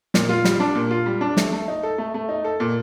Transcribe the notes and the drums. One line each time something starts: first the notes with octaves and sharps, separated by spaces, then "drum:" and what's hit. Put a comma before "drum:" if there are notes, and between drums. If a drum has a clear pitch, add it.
A#2, drum: snare
F4
G3, drum: snare
D4
A#2
F4
G3
D4
A3, drum: snare
A3
D#4
A4
A3
A3
D#4
A4
A#2